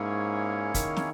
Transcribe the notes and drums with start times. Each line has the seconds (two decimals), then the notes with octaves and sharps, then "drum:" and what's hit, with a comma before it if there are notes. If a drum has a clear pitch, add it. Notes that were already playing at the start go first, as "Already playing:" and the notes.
Already playing: G#2 A#3 C#4 E4 G#4 C#5
0.74 D#3, drum: kick, hi-hat
0.97 drum: snare